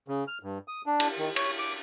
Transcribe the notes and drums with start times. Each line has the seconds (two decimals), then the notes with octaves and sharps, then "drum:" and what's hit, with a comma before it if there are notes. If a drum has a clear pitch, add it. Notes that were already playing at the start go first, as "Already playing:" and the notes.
0.08 C#3
0.28 F6
0.43 G2
0.68 D#6
0.86 D4
1.00 drum: cymbal
1.18 D#3
1.36 C#5, drum: cymbal
1.59 D6